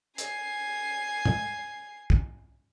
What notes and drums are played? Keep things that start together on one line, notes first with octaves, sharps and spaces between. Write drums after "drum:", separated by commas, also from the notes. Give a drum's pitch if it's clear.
G#5 C7, drum: hi-hat
drum: tom
drum: kick